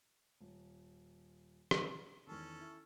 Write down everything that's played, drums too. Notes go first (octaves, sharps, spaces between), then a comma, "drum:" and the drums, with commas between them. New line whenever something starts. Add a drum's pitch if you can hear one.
D#1
drum: rim click
E2 D#3 C#4 A4
E4